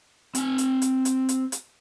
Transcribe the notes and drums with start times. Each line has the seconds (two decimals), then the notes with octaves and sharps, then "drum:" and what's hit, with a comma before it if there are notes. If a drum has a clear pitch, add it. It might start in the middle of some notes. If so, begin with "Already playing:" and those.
0.35 C4 G#5, drum: hi-hat
0.58 drum: hi-hat
0.82 drum: hi-hat
1.05 drum: hi-hat
1.29 drum: hi-hat
1.52 drum: hi-hat